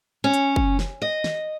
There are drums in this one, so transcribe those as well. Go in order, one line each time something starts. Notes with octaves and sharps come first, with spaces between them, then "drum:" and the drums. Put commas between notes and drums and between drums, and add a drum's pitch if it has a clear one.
C#4
drum: hi-hat
drum: kick
drum: snare
D#5
drum: snare